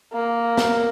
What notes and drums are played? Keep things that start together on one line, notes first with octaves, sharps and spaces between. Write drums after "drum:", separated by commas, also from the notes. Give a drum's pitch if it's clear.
A#3
drum: snare